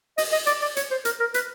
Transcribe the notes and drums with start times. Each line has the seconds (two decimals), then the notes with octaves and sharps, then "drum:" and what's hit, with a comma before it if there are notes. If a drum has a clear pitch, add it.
0.18 D#5, drum: open hi-hat
0.32 D#5
0.47 D5, drum: hi-hat
0.62 D5
0.77 C#5, drum: hi-hat
0.91 C5
1.05 A#4, drum: hi-hat
1.20 A#4
1.34 B4, drum: hi-hat